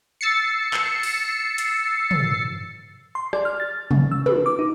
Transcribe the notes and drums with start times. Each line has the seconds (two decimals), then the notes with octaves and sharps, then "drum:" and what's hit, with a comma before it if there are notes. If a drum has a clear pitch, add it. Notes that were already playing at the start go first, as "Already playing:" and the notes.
0.21 E6 A6 C7 C#7
0.74 drum: clap
1.03 drum: open hi-hat
1.58 drum: hi-hat
2.11 drum: tom
3.15 C6
3.33 D5, drum: rim click
3.45 F6
3.60 A6
3.91 C#3, drum: tom
4.11 E6
4.26 B4, drum: tom
4.46 D6
4.59 D#4